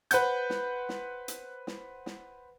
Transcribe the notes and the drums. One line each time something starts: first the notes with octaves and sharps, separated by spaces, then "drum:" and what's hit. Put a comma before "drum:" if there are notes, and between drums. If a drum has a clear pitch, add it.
B4 C5 F#5 G6, drum: hi-hat
drum: snare
drum: snare
drum: hi-hat
drum: snare
drum: snare